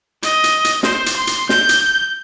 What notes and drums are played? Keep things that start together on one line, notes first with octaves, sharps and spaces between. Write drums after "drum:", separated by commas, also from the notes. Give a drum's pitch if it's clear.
D#5, drum: hi-hat
drum: hi-hat
drum: hi-hat
C5, drum: snare
drum: hi-hat
C6
drum: hi-hat
G6, drum: snare
drum: hi-hat